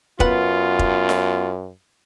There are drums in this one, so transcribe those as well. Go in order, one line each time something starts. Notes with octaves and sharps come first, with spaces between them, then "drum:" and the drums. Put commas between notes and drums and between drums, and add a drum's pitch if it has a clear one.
F#2 B3 F4 B4 F#5, drum: kick F1
drum: kick F1
drum: snare F4